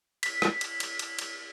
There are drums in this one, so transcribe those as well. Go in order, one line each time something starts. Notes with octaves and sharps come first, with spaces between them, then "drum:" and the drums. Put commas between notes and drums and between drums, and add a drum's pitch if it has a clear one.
B6, drum: cymbal
drum: rim click
drum: cymbal
drum: cymbal
drum: cymbal
drum: cymbal